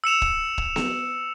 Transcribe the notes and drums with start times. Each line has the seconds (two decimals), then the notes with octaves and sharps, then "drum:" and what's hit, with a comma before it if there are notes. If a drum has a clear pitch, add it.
0.04 E6 C#7 E7 F7
0.22 drum: kick
0.58 drum: kick
0.76 drum: snare B3